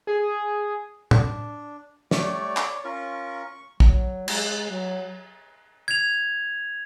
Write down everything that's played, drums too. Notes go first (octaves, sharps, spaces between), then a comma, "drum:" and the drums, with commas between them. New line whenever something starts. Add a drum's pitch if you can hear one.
G#4
D4, drum: tom
G3 A3 C#5 D5, drum: snare
drum: clap
C#4 F4 A#4 C#6
F#3, drum: kick
G#3, drum: cymbal
F#3
G#6 F7